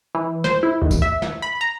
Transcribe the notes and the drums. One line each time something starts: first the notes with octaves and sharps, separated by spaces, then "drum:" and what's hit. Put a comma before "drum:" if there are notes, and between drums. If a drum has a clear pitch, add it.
E3
C5, drum: snare
E4
D#2
drum: kick, tambourine
E5
drum: snare
B5
A#5